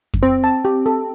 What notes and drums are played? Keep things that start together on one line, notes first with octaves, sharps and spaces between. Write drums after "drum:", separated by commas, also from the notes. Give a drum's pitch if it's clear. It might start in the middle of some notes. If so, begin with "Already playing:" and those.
drum: kick F2
C4 C5
A5
G4
A4